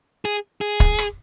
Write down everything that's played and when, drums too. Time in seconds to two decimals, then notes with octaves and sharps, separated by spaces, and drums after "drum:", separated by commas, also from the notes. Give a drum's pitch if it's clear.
0.25 G#4
0.61 G#4
0.80 drum: kick
0.98 drum: rim click